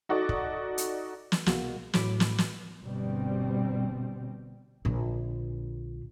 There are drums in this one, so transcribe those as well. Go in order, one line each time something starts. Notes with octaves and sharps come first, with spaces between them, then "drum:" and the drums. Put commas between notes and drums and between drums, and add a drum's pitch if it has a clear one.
D#4 F#4 A4 D5
drum: kick
drum: hi-hat
drum: snare
C2 B2 G#3 A#3 F#4, drum: snare
A1 A2 F#3 B5 D6, drum: snare
drum: snare
drum: snare
G1 B2 G3 C4
A#1 D3